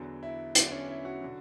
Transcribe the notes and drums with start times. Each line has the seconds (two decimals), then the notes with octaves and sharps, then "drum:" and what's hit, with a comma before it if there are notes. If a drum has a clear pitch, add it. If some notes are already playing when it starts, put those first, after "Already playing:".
Already playing: E2 D3 F#3
0.23 E4
0.55 E2 D3 F#3 D4, drum: hi-hat
0.71 C#4
0.89 E4
1.05 F#4
1.21 D3 F#3